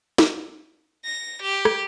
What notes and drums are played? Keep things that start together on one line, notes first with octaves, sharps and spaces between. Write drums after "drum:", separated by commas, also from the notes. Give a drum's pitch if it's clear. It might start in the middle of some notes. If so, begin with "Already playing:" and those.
drum: snare
A#6
G4
drum: rim click